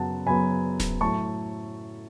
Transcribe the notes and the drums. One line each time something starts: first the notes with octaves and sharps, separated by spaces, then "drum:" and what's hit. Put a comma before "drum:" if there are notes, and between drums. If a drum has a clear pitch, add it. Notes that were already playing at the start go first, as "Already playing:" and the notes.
Already playing: F#2 C#3 F#3 B3 F#5 A5
F#2 C#3 F#3 B3 G#5 B5
drum: snare D1
A2 F#3 A3 A5 C#6